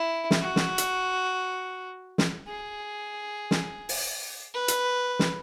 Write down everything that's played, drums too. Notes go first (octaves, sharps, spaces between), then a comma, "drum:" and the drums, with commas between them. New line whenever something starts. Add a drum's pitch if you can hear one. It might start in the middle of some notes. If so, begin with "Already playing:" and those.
Already playing: E4
drum: snare
F#4
drum: snare
drum: hi-hat
drum: snare
G#4
drum: snare
drum: open hi-hat
B4
drum: hi-hat
drum: snare